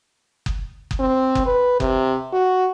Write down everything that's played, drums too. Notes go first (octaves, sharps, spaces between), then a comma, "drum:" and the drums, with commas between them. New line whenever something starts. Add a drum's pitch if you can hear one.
drum: kick F#1
drum: kick F#1
C4
drum: kick F#1
B4
C3, drum: kick F#1
F#4